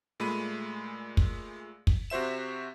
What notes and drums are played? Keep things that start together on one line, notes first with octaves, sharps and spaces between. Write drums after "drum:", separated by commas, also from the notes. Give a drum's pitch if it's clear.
A#2 G#3 A3 B5 D#7
drum: kick
drum: kick
C3 F#4 C5 E5 E7